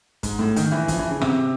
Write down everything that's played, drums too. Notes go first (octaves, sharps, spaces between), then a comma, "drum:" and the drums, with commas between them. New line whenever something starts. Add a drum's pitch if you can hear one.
G#2, drum: kick G1, hi-hat
A2
D#3, drum: hi-hat
E3
F3, drum: kick G1, hi-hat
E3
C#3
C3, drum: rim click